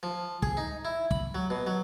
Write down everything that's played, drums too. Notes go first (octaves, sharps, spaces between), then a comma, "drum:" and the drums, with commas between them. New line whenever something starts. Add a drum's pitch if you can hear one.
F3
G#4, drum: kick
D#4
E4
B5, drum: kick
F#3
B2
F#3